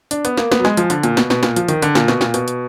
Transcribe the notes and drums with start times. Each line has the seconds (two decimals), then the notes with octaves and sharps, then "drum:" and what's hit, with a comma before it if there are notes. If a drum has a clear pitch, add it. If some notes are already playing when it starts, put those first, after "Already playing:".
0.11 D4, drum: hi-hat
0.25 B3, drum: hi-hat
0.37 A#3, drum: snare
0.52 B3, drum: snare
0.59 F#3
0.65 G#3, drum: snare
0.77 F3, drum: hi-hat
0.90 D3, drum: hi-hat
1.03 A#2, drum: hi-hat
1.17 B2, drum: snare
1.30 B2, drum: snare
1.43 A#2, drum: snare
1.56 F3, drum: hi-hat
1.68 D#3, drum: hi-hat
1.82 D3, drum: hi-hat
1.95 A#2, drum: snare
2.08 B2, drum: snare
2.21 A#2, drum: snare
2.34 B2, drum: hi-hat
2.48 drum: hi-hat